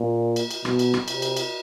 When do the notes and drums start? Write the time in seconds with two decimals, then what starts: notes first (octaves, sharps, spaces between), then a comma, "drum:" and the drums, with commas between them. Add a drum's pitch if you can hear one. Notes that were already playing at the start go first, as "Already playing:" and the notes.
Already playing: A#2
0.36 drum: cymbal
0.51 drum: cymbal
0.65 B2, drum: rim click
0.79 drum: cymbal
0.94 drum: rim click
1.08 C3, drum: cymbal
1.22 drum: cymbal
1.37 drum: cymbal